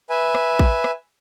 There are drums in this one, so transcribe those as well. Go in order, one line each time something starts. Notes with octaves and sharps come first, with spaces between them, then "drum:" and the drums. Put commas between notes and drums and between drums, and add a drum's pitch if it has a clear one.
B4 E5 G#5
drum: rim click
drum: kick
drum: rim click